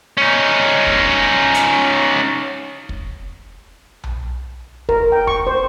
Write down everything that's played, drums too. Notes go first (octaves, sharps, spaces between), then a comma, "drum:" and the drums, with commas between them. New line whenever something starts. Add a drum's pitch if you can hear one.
C#4 D#4
drum: kick
drum: hi-hat
drum: kick
drum: tom B1
A#4, drum: kick
G5
C#6, drum: kick
C5